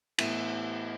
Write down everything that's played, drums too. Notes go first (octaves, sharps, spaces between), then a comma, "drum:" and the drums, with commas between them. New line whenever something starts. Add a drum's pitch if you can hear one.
A2 E3 B3 E4, drum: cymbal